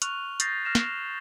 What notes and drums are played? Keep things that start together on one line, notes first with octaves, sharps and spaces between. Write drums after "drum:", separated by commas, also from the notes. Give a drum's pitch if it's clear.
C#6 F6 F#6 F7, drum: hi-hat
D#6 G6 A6 A#6 C7, drum: hi-hat
F6 A#6 C7 E7
drum: snare